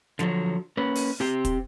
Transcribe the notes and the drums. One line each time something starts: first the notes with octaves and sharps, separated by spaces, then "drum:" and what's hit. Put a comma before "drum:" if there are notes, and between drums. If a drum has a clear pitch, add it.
D3 F3 F#3, drum: snare
A#3 C#4 B4
drum: open hi-hat
C4 G4 C5 G5
drum: kick, hi-hat